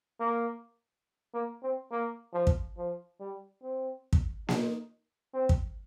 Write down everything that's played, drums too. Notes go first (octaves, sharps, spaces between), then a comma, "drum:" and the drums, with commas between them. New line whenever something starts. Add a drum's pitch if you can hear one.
A#3
A#3
C4
A#3
F3
drum: kick
F3
G3
C4
drum: kick
D#4, drum: snare A#3
C4
drum: kick